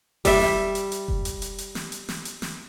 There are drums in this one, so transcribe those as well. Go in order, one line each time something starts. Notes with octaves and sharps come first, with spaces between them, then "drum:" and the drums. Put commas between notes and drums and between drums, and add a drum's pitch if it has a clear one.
G3 E5, drum: kick F1, open hi-hat
drum: snare
drum: hi-hat
drum: hi-hat
drum: kick F1
drum: hi-hat
drum: hi-hat
drum: hi-hat
drum: snare
drum: hi-hat
drum: snare
drum: hi-hat
drum: snare